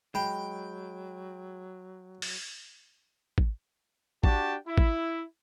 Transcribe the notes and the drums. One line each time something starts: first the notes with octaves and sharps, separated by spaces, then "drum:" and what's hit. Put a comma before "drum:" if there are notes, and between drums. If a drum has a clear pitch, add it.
F#3 G#3 G5 B5
drum: open hi-hat
drum: kick
D4 F#4 G4 G5 A5, drum: kick
E4
drum: kick